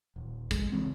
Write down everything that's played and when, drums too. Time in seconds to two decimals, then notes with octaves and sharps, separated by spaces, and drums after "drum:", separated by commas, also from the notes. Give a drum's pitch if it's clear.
0.16 D#1
0.51 G#3, drum: kick, tambourine
0.72 C#3 E3 C4